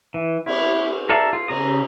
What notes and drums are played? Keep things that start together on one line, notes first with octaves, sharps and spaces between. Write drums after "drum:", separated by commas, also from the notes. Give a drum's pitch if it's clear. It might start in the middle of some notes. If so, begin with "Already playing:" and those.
E3
E4, drum: cymbal
A4 A#4 D5 E5 F5
F4
C#3 A#5 D#6, drum: cymbal